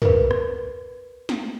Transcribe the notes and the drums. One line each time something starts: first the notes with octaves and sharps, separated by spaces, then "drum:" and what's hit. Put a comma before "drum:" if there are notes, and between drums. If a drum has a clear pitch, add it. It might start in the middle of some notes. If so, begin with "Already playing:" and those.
A#4 B4, drum: tom
drum: rim click
drum: snare